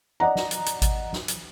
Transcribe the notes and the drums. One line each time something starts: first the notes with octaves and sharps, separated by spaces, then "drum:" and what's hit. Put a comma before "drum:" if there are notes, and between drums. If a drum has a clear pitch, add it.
D5 D#5 F#5 A#5
drum: snare
drum: hi-hat
drum: hi-hat
drum: kick G#1, hi-hat
drum: snare
drum: hi-hat